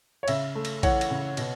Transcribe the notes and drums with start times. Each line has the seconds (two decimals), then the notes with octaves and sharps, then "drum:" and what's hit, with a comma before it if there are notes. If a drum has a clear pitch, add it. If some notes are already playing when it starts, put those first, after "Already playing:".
0.23 C#5
0.28 C#3 E5, drum: cymbal
0.55 A3
0.65 drum: cymbal
0.83 E3 C#5 F#5, drum: kick A#1, cymbal
1.01 drum: cymbal
1.11 C#3
1.37 B2, drum: cymbal